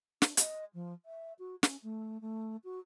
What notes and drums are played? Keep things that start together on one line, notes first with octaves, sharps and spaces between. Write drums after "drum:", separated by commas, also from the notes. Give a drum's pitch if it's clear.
D4, drum: snare
D#5, drum: hi-hat
F3
E5
F#4
C#4, drum: snare
A3
A3
F#4